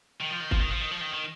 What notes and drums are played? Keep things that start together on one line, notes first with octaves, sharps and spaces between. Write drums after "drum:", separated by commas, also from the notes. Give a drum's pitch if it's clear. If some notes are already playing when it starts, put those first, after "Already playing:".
D#3
F3
D#3
F3, drum: kick
D#3
F3
D#3
F3
D#3
D#3